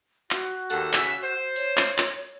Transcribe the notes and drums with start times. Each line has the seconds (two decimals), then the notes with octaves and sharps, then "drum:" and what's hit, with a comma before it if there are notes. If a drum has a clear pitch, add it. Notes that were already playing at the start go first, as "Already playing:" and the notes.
0.31 F#4, drum: clap
0.70 D#2 A4 F#5, drum: hi-hat
0.93 C#3 E5, drum: clap
1.23 C5
1.56 C#5, drum: hi-hat
1.77 drum: clap
1.98 drum: clap